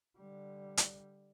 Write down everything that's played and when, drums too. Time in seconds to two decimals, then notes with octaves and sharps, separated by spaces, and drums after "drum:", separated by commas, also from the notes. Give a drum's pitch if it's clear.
0.17 D3 G3
0.77 drum: hi-hat